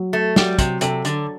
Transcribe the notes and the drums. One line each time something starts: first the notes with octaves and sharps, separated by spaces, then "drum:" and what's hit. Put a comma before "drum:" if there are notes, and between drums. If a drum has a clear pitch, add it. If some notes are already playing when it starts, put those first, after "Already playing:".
Already playing: F#3
A3
F#3 G3, drum: snare
C3, drum: kick, hi-hat
C3 A4, drum: hi-hat
D3, drum: hi-hat